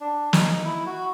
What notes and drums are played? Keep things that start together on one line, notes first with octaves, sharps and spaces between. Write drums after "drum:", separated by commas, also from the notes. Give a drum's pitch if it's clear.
D4
D#4, drum: snare
E4
F#4